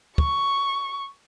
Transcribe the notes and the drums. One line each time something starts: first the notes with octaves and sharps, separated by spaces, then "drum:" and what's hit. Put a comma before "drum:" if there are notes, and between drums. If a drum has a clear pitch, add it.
C#6, drum: kick